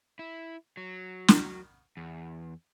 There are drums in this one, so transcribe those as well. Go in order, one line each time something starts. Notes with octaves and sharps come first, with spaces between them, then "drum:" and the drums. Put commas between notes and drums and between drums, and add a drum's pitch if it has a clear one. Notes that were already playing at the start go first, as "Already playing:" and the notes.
E4
F#3
drum: snare
E2